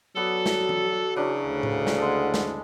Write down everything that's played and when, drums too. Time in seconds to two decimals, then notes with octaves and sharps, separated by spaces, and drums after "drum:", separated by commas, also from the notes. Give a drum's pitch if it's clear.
0.16 F#3 B3 F#4 A4 D5
0.46 drum: snare
0.69 drum: tom E3
1.16 C#3 E3 F#3 D4
1.46 D2
1.63 drum: tom A2
1.87 drum: snare
1.99 G#3 A4 F#5
2.34 drum: snare